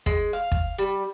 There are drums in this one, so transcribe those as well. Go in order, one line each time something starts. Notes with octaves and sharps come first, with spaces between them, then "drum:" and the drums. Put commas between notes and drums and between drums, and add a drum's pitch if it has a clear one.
G#3, drum: kick
F5
drum: kick
G3